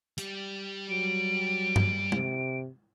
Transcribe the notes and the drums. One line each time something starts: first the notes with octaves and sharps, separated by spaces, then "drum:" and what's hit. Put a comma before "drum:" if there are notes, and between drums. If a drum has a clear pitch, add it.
G3 G4, drum: hi-hat
F#3 D7
drum: tom G2
C3, drum: tom